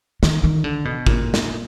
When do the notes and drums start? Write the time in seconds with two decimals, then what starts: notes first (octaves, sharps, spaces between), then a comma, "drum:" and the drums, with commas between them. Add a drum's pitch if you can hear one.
0.23 D#3, drum: snare
0.44 D#3
0.64 D3
0.85 B2
1.07 A#2, drum: kick G#1
1.34 drum: snare